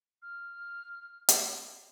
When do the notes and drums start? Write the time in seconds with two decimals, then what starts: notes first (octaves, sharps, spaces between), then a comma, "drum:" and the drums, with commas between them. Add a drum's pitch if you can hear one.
0.22 F6
1.29 drum: hi-hat